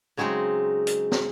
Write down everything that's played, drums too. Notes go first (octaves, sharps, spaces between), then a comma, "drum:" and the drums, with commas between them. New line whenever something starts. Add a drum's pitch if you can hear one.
C#3 F#3 G#3 C4 D#4
drum: hi-hat
drum: snare